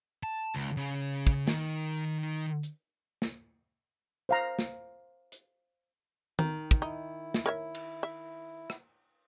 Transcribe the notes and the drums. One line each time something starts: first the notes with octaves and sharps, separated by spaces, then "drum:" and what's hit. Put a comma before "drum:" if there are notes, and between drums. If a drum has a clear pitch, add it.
A5
C#2
C#3
drum: kick
D#3, drum: snare
drum: hi-hat
drum: snare
C5 F5 A#5
drum: snare
drum: hi-hat
D#3, drum: tom
drum: kick
D#4 E4
drum: snare
A#4 C#5 E5
drum: cymbal
E5
drum: rim click